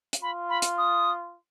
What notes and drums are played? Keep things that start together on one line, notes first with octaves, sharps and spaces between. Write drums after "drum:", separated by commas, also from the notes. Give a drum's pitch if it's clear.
drum: hi-hat
F4 B5
B5
drum: hi-hat
D#6